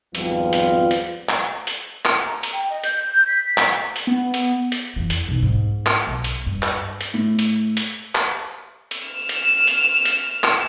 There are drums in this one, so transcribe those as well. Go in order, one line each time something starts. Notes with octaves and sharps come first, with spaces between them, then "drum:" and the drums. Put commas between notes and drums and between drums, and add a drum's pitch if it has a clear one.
G#1 F2 F3 G3 B3 F4, drum: hi-hat
drum: hi-hat
drum: hi-hat
drum: clap
drum: hi-hat
drum: clap
A#5
drum: hi-hat
G5
D#5
G6, drum: hi-hat
B6
drum: clap
drum: hi-hat
B3
drum: hi-hat
drum: hi-hat
F2 E3
drum: hi-hat
B1
G#2
drum: clap
B1
drum: hi-hat
G2
drum: clap
drum: hi-hat
A2
drum: hi-hat
drum: hi-hat
drum: clap
drum: hi-hat
F6 E7
drum: hi-hat
drum: hi-hat
drum: hi-hat
drum: clap